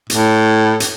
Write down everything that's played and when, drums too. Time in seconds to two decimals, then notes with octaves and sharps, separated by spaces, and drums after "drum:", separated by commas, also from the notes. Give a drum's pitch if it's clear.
0.10 A2, drum: hi-hat
0.80 drum: hi-hat